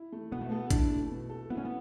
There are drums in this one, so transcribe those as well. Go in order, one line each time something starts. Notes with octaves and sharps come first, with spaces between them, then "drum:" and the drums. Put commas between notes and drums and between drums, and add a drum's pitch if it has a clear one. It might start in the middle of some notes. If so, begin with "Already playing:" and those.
Already playing: E4
A3
B2 B3
A3
B3 A4
D4 E4, drum: kick G#1, hi-hat
A3
B2
A4
B3 E4
C#4
B3